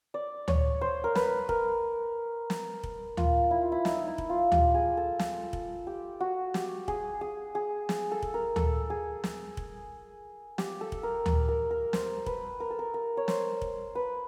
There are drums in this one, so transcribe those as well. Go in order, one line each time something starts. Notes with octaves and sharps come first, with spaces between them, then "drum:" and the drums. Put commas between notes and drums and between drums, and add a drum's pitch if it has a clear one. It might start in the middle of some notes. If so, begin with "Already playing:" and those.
D5
C#5, drum: tom D2
C5
A#4
B4, drum: snare
A#4, drum: kick
drum: snare
drum: kick
F4, drum: tom D2
E4
F4
E4
D#4, drum: snare
D#4
E4
drum: kick
F4
G4, drum: tom D2
G#4
A4
A4, drum: snare
drum: kick
G4
F#4
G4, drum: snare
G#4, drum: kick
G#4
G#4
G#4, drum: snare
A4
drum: kick
A#4
A4, drum: tom D2
G#4
drum: snare
drum: kick
G4, drum: snare
A4
drum: kick
A#4
drum: tom D2
A#4
A#4
C5, drum: snare
B4, drum: kick
A#4
A4
A#4
A#4
C#5
C5, drum: snare
drum: kick
B4